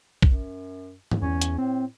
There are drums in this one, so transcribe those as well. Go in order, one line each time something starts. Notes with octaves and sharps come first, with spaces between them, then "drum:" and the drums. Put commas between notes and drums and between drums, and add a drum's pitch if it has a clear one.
F#2, drum: kick A#1
drum: tom G2
E2 C#4
drum: hi-hat
A2 C4